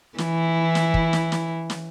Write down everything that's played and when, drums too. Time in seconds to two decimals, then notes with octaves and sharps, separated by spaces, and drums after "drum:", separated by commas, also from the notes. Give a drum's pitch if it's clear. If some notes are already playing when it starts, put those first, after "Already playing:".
0.18 E3 E4, drum: snare
0.75 drum: snare
0.94 drum: kick
1.13 drum: snare
1.32 drum: snare
1.70 drum: snare